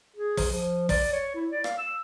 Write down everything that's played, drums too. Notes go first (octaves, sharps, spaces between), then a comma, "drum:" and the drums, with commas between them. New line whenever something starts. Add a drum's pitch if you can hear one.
G#4
drum: kick, open hi-hat
F3
D5, drum: kick, open hi-hat
C#5
E4
D5
F5, drum: rim click
E6